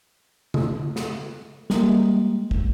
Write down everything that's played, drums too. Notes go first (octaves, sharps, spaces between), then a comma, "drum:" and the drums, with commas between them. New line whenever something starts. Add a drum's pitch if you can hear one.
drum: tom C#3
drum: snare
G3 G#3 A#3, drum: snare
drum: kick